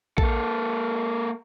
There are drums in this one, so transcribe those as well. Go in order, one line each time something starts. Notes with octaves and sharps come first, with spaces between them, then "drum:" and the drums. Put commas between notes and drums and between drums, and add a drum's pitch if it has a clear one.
A#3 A4, drum: kick